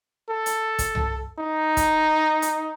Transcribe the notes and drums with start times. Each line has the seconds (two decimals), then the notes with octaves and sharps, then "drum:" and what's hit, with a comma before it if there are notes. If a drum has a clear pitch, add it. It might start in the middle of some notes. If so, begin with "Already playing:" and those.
0.30 A4
0.46 drum: hi-hat
0.79 drum: kick, hi-hat
0.95 drum: tom C2
1.39 D#4
1.77 drum: kick, hi-hat
2.42 drum: hi-hat